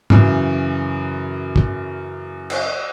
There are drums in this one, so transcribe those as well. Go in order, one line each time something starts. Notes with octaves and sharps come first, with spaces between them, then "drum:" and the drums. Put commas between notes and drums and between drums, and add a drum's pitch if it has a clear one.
F#2 C#3 E3, drum: tom
drum: kick
drum: cymbal